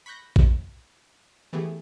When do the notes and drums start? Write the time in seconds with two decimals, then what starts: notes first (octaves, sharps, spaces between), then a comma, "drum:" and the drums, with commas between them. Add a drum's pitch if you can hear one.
0.06 B5 C#6 F#6 G6 A#6
0.36 drum: kick A#1
1.53 E3 A3 B3 G4 G#4